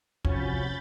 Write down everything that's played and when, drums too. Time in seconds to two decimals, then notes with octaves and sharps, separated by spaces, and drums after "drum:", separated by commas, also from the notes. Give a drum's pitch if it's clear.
0.25 C3 F3 C#4 F#4 B5 G6 A6, drum: kick